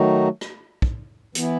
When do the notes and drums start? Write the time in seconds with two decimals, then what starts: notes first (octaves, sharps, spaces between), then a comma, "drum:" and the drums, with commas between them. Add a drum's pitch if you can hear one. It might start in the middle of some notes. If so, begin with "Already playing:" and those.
Already playing: D#3 F#3 A3 D#4 F#4
0.41 drum: rim click
0.82 drum: kick
1.35 E3 B3 E4, drum: hi-hat